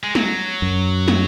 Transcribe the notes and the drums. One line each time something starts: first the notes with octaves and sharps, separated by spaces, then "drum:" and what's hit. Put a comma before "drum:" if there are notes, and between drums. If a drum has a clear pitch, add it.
G#3
F#3, drum: snare
F#2
drum: snare